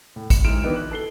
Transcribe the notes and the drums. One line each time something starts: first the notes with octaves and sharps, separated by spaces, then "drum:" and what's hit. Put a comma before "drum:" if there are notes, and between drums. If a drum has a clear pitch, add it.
A2
C#7 E7, drum: kick, hi-hat
D1 G#2 E4 F6 D7 E7
D#3 E3 B3 D4 D#4
F#6
A4 C7 G7